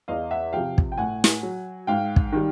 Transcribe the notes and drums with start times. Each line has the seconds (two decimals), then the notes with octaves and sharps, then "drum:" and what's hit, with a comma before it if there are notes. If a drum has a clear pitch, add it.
0.08 E2 D#5 F5
0.31 E5 F#5
0.53 C3 F3 F5 G5
0.78 drum: kick
0.92 G5
0.98 A2 F#5 G#5
1.24 drum: snare
1.43 F#3
1.87 G#2 F5 G5
2.16 drum: kick
2.32 D#3 G3